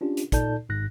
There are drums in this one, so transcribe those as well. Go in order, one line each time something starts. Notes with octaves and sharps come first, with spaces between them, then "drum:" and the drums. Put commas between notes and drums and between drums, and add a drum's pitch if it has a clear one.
C#4 D4 F4 G4
drum: hi-hat
A#2 D#4 A4 D5 A5 G6, drum: kick, hi-hat
G#1 G#2 F#6 A#6